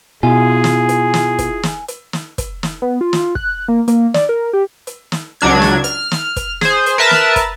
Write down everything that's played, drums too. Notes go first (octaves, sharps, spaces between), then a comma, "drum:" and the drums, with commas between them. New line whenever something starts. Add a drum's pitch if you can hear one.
B2 E4 F4 G#4 G#5
drum: snare
drum: hi-hat
drum: snare
drum: kick, hi-hat
drum: snare
drum: hi-hat
drum: snare
drum: kick, hi-hat
drum: snare
B3
F4
drum: snare
F#6, drum: kick
A#3
A#3, drum: hi-hat
D5, drum: snare
A#4
G4
drum: hi-hat
drum: snare
C#2 F#3 D4 G#6
drum: snare
F6, drum: hi-hat
drum: snare
drum: kick, hi-hat
G#4 C5, drum: snare
drum: hi-hat
A#4 B4 E5 A5
drum: snare
drum: kick, hi-hat